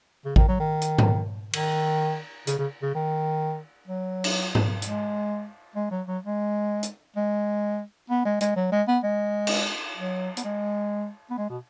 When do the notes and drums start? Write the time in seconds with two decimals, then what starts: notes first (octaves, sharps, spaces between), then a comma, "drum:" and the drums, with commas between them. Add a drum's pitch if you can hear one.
0.25 C#3
0.36 D#3, drum: kick A1
0.48 F#3
0.60 D#3
0.81 drum: hi-hat
0.98 drum: tom G#2
1.53 D#3, drum: cymbal
2.47 C#3, drum: hi-hat
2.59 C#3
2.82 C#3
2.95 D#3
3.87 F#3
4.24 drum: cymbal
4.55 drum: tom G#2
4.82 G#3, drum: hi-hat
5.75 G#3
5.91 F#3
6.07 F#3
6.22 G#3
6.83 drum: hi-hat
7.16 G#3
8.10 B3
8.25 G#3
8.41 G#3, drum: hi-hat
8.56 F#3
8.72 G#3
8.88 B3
9.04 G#3
9.47 drum: cymbal
9.97 F#3
10.37 B3, drum: hi-hat
10.44 G#3
11.30 B3
11.38 G#3
11.49 B2